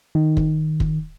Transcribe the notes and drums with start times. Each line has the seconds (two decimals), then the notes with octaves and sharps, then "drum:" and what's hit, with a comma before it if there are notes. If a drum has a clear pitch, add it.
0.15 D#3
0.37 drum: kick
0.80 drum: kick